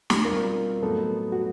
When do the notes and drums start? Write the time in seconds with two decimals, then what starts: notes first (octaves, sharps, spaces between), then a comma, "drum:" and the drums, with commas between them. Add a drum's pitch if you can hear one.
0.10 drum: snare
0.25 B2 G3 C4 F4 A#4
0.82 A2 F#3 B3 D#4 A4
1.32 F#4